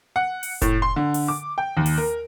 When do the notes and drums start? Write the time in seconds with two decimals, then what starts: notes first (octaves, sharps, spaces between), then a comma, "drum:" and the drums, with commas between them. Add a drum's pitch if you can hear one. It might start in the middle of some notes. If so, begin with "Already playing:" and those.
0.16 F#5
0.43 drum: open hi-hat
0.62 A2, drum: kick F1, hi-hat
0.82 C6
0.96 D3
1.14 drum: open hi-hat
1.28 D6
1.58 G5
1.77 D#2
1.86 drum: open hi-hat
1.98 A#4